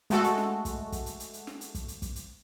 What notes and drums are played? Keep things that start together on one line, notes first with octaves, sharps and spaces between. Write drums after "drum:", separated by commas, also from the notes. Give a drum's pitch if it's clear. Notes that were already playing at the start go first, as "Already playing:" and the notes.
G#3 A3 F#4 A4, drum: hi-hat
drum: hi-hat
drum: snare
drum: kick, hi-hat
drum: kick, hi-hat
drum: hi-hat
drum: hi-hat
drum: hi-hat
drum: snare
drum: hi-hat
drum: kick, hi-hat
drum: hi-hat
drum: kick, hi-hat
drum: hi-hat